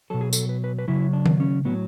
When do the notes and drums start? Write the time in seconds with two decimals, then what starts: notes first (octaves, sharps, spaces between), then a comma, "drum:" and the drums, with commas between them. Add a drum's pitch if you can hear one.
0.10 B2 F#3 A4
0.21 G#4
0.33 A4, drum: tambourine
0.49 B4
0.64 B4
0.79 B4
0.88 C#3 F#3 E4
1.13 D4
1.26 drum: tom D#3
1.40 C#4
1.65 A2 F#3 B3